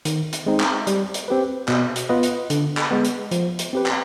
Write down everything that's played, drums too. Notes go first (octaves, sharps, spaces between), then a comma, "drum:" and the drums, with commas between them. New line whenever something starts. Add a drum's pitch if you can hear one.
D#3, drum: hi-hat
drum: hi-hat
G#3 C4 D#4
drum: clap
G3, drum: hi-hat
drum: hi-hat
C4 G4 B4
B2, drum: clap
drum: hi-hat
B3 F4 B4 D#5
drum: hi-hat
D3, drum: hi-hat
drum: clap
G#3 B3
drum: hi-hat
F3, drum: hi-hat
drum: hi-hat
C4 G4 B4
drum: clap